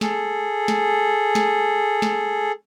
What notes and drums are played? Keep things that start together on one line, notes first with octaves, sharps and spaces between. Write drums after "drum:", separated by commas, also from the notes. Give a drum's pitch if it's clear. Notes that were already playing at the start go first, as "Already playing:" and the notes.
G#4 A4, drum: snare
drum: snare
drum: snare
drum: snare